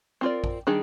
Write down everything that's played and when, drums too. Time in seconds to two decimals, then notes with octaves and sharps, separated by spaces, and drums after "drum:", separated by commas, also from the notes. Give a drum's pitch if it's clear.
0.21 C4 F4 A#4 D5
0.44 drum: kick
0.67 D#3 G3 D4 G#4